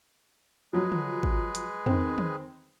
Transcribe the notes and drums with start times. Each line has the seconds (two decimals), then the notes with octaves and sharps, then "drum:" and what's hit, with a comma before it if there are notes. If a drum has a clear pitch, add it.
0.73 F3 F#3 G#3 G#4 B4
0.92 drum: tom
1.23 drum: kick
1.55 drum: hi-hat
1.86 D#3 C4, drum: tom
2.18 drum: tom